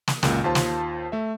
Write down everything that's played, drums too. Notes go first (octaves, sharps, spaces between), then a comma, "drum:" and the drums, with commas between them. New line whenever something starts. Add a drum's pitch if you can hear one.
drum: snare
C#2 F#2 A#2 C#3, drum: snare
D#2 F4 C5 A5
drum: snare
A3 E5